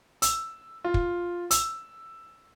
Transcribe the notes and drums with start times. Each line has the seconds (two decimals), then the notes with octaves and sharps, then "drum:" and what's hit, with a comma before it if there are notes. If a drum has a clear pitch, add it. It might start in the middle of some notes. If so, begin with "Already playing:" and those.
0.22 E6, drum: hi-hat
0.84 F4
0.94 drum: kick
1.51 E6, drum: hi-hat